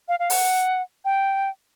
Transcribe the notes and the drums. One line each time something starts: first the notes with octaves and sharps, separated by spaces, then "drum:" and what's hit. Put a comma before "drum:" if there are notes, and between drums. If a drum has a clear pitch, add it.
F5
F5
F#5, drum: open hi-hat
G5